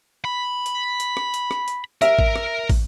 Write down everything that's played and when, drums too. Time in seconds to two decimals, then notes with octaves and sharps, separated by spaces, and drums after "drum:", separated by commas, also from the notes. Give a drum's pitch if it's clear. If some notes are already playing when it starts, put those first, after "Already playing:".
0.25 B5
0.66 drum: hi-hat
1.00 drum: hi-hat
1.17 drum: rim click
1.34 drum: hi-hat
1.51 drum: rim click
1.68 drum: hi-hat
2.02 A#4 E5, drum: hi-hat
2.19 drum: kick
2.36 drum: rim click
2.70 drum: kick, open hi-hat